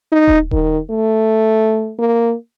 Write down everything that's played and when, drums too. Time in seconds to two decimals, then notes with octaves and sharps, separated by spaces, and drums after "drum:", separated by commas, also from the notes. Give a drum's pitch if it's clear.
0.12 D#4
0.28 drum: kick D#1
0.51 D#3, drum: kick D#1
0.90 A3
1.99 A#3